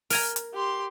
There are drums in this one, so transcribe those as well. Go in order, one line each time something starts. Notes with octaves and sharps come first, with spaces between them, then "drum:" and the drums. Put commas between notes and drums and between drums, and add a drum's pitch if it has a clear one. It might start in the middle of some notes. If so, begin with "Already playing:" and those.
A#4 G#5 A#5, drum: open hi-hat
drum: hi-hat
G4 C6